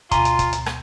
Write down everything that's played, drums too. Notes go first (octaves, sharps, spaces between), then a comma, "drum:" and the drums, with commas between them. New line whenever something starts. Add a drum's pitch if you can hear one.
D2 B2 F4 G#5 A#5 C6, drum: kick, hi-hat
drum: hi-hat
drum: kick, hi-hat
drum: hi-hat
drum: rim click